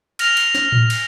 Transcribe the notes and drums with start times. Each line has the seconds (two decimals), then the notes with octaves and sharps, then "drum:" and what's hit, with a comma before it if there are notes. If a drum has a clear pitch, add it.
0.19 F6 A#6 F7, drum: cymbal
0.37 drum: cymbal
0.55 drum: snare
0.72 drum: tom A2
0.90 drum: cymbal